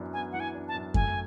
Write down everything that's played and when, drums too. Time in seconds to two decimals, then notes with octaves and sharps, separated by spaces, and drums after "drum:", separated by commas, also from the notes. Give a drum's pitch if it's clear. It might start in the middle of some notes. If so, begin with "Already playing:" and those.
Already playing: F#2 E3 B3 D4
0.13 B3 G#5
0.32 E3 F#5
0.40 G#5
0.54 D4
0.68 A5
0.74 F#2
0.94 A3 G#5, drum: kick F#2